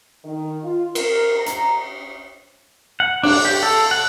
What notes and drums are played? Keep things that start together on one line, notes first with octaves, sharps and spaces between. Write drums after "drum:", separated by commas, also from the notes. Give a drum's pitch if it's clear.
D#3
F4
A#4, drum: cymbal
A#5
drum: hi-hat
F#5
D4, drum: cymbal
G4
A4
F#5